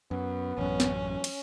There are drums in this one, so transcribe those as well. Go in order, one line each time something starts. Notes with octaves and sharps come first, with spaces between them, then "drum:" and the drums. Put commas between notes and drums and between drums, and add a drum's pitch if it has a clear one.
F#2 B3
A1 F#2 C#4
drum: snare
drum: cymbal